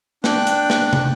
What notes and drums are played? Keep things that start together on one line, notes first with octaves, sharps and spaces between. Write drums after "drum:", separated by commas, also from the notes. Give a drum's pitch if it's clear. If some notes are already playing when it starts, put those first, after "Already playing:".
D4 G5 F#6, drum: snare
drum: hi-hat
drum: snare
drum: tom